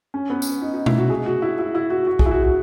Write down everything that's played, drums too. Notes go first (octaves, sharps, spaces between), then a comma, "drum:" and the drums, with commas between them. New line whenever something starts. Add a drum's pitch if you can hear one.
C#4
B3
drum: tambourine
D#4
D#4
E4, drum: tom B2
F#4
G#4
F#4
E4
E4
E4
F#4
F#4
G#4, drum: kick C2
E4
F#4
F#4